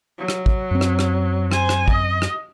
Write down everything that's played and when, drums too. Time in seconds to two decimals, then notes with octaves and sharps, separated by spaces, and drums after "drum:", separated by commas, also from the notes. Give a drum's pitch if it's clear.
0.19 F#3
0.28 drum: rim click
0.46 drum: kick
0.71 F#2 C4
0.81 drum: rim click
0.99 drum: rim click
1.52 C5 G#5, drum: rim click
1.69 drum: rim click
1.88 D#5, drum: kick
2.22 drum: rim click